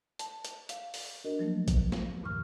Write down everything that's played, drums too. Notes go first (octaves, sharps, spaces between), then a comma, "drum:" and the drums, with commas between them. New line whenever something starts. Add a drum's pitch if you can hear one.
A5, drum: hi-hat
drum: hi-hat
F5, drum: hi-hat
drum: open hi-hat
D4 F#4 A#4 D#5
F3 F#3 A3 A#3
drum: kick A#1, hi-hat
drum: snare
E2 G2 A#2 D#3 C#6 F6